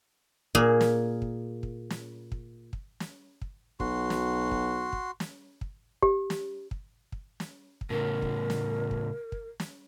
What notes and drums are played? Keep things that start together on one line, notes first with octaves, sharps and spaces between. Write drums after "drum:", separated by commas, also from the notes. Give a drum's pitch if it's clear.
A#2 A#3 G#4, drum: kick
drum: snare
drum: kick
drum: kick
drum: snare
drum: kick
drum: kick
drum: snare
drum: kick
B1 F#4 C6, drum: kick
drum: snare
drum: kick
drum: kick
drum: snare
drum: kick
G4, drum: kick
drum: snare
drum: kick
drum: kick
drum: snare
drum: kick
A2 C#3 A#4
drum: kick
drum: snare
drum: kick
drum: kick
drum: snare